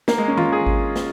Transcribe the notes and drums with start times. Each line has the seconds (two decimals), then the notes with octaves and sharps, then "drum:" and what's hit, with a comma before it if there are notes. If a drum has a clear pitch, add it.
0.08 A#3, drum: snare
0.18 G#3
0.28 C#4
0.38 F4, drum: tom D#3
0.52 G#4
0.66 drum: kick G#1
0.96 drum: snare